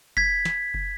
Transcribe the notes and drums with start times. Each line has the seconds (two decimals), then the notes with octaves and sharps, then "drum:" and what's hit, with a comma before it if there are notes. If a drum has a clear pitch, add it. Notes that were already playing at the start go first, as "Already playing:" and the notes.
0.17 G#6 B6, drum: kick F#1
0.45 drum: snare
0.74 drum: kick F#1